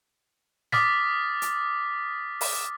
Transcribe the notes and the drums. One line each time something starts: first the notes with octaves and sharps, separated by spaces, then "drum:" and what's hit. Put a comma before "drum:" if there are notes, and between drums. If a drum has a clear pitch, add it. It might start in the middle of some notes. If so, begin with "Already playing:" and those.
D6 D#6 F6 A6 B6, drum: snare
drum: hi-hat
drum: open hi-hat